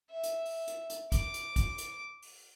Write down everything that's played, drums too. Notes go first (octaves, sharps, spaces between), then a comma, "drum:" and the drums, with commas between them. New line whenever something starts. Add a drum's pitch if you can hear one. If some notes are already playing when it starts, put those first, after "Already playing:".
E5
drum: hi-hat
drum: open hi-hat
drum: hi-hat
drum: hi-hat
D6, drum: kick, hi-hat
drum: hi-hat
drum: kick, hi-hat
drum: hi-hat
drum: open hi-hat